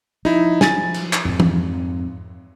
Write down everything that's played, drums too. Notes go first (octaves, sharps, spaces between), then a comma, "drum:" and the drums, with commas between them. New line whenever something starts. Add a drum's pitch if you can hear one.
F3 D#4 E4
G#5 A6, drum: snare
drum: cymbal
drum: clap
F2 G#2
drum: tom E3